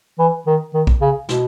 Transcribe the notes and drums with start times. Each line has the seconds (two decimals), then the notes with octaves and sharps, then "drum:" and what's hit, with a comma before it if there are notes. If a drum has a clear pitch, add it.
0.19 E3
0.47 D#3
0.74 D#3
0.87 drum: kick
1.01 C#3
1.29 B2, drum: snare